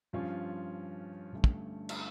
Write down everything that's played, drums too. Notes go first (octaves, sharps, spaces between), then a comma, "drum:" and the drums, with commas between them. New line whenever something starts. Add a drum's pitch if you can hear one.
G2 F3 C#4 F4
G2 D3 A3 C#4
drum: kick
drum: cymbal